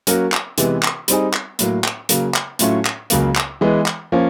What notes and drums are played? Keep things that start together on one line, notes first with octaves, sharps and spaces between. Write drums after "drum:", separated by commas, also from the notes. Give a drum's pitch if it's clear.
F#3 A#3 C#4 F#4 A#4, drum: hi-hat
drum: clap
C3 E3 G#3 B3, drum: hi-hat
drum: clap
G3 C4 D#4 G#4, drum: hi-hat
drum: clap
A2 F#3 A#3, drum: hi-hat
drum: clap
C#3 F#3 A#3, drum: hi-hat
drum: clap
A2 F#3 A3 C#4 F4, drum: hi-hat
drum: clap
C#2 C#3 F#3 A#3, drum: hi-hat
drum: clap
E3 G#3 B3
drum: clap
F3 A#3 C#4